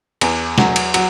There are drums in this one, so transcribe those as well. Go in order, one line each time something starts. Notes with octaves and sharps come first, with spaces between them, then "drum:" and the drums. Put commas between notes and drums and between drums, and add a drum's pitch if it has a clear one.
E2, drum: cymbal
F#3, drum: snare
drum: cymbal
F#3, drum: cymbal